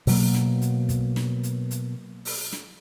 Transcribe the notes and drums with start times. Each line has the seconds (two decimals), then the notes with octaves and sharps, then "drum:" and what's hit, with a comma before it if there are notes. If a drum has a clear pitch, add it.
0.07 B2 F#3 A#3, drum: open hi-hat
0.34 drum: snare
0.62 drum: hi-hat
0.89 drum: kick, hi-hat
1.16 drum: snare
1.43 drum: hi-hat
1.71 drum: hi-hat
2.25 drum: open hi-hat
2.52 drum: snare